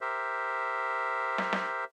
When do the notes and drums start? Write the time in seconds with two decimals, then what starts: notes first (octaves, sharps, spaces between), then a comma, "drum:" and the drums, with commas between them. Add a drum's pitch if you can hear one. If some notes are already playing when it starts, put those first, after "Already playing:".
0.01 G4 A#4 C5 E5
1.38 drum: snare
1.53 drum: snare